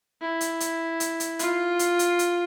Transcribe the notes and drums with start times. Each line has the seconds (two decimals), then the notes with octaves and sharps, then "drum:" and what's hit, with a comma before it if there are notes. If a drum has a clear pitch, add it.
0.21 E4
0.41 drum: hi-hat
0.60 drum: hi-hat
1.00 drum: hi-hat
1.20 drum: hi-hat
1.39 F4, drum: hi-hat
1.79 drum: hi-hat
1.99 drum: hi-hat
2.19 drum: hi-hat